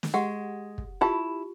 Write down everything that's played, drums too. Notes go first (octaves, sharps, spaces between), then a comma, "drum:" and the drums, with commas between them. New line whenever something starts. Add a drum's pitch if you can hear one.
drum: snare
G#3 G4 F#5
drum: kick
E4 F4 G4 A5